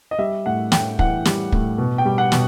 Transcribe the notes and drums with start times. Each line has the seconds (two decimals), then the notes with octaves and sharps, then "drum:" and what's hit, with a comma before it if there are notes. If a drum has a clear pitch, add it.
0.11 D#5
0.19 G3 E5
0.46 A2 F#5
0.72 A2 G5, drum: snare
0.99 E3 F#5, drum: kick
1.25 G3, drum: snare
1.52 A2, drum: kick
1.78 B2
1.98 G5
2.05 G3
2.18 F#5
2.32 B2, drum: snare